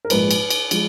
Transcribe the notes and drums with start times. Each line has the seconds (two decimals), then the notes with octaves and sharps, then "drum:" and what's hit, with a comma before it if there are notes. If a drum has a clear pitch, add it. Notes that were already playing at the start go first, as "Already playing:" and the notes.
0.05 A#4
0.10 A#1 G#2 F3 G#3 B4, drum: cymbal
0.31 drum: cymbal
0.50 drum: cymbal
0.71 F3 G#3, drum: cymbal